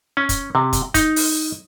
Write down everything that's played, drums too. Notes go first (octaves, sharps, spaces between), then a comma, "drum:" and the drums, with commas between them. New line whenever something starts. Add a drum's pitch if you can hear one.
C#4
drum: kick, hi-hat
C3
drum: kick, hi-hat
D#4, drum: kick, hi-hat
drum: open hi-hat